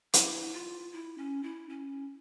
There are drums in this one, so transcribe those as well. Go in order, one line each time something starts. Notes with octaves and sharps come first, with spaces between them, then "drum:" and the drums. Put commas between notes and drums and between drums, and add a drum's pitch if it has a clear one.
E4, drum: hi-hat
F4
E4
C#4
E4
C#4